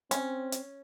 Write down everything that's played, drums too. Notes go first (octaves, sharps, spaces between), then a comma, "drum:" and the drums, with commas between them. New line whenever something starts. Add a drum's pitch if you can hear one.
C4 C#4, drum: hi-hat
drum: hi-hat